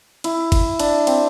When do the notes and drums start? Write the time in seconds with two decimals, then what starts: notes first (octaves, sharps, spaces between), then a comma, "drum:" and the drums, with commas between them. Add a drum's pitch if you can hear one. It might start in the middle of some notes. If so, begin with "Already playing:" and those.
0.24 E4, drum: cymbal
0.52 drum: kick, cymbal
0.79 D4, drum: cymbal
1.07 C4, drum: cymbal